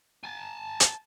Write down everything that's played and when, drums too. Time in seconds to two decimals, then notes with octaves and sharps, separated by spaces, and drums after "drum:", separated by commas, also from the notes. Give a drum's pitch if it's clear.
0.24 G#5 A5
0.80 drum: hi-hat